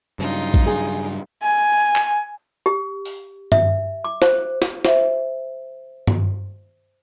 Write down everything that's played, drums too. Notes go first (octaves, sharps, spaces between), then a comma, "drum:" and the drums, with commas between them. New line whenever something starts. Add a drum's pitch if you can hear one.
G2 C#3 F#3 D#4 F4
drum: kick
G#4
G#5
drum: clap
G4
drum: open hi-hat
E5, drum: tom G2
D6
C5, drum: snare
drum: snare
C5 E5, drum: snare
drum: tom G2